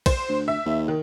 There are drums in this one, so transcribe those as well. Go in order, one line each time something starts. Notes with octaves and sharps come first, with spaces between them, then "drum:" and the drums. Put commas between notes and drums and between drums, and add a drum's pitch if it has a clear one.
C5, drum: kick B1, cymbal
D2
E5
D#2
D#3